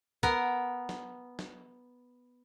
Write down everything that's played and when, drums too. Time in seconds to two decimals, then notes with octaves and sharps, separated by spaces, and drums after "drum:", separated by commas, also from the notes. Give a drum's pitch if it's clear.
0.23 B3 A#4, drum: kick C2
0.89 drum: snare
1.39 drum: snare